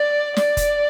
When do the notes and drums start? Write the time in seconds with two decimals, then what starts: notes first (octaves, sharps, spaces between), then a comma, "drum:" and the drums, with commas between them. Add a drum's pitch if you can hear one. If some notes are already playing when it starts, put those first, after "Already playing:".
Already playing: D5
0.36 D5, drum: snare
0.57 drum: kick F1, hi-hat